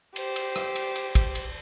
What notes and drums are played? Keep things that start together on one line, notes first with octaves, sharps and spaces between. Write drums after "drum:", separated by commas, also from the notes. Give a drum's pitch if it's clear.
G4 C5, drum: cymbal
drum: cymbal
drum: rim click
drum: cymbal
drum: cymbal
drum: kick, cymbal
drum: cymbal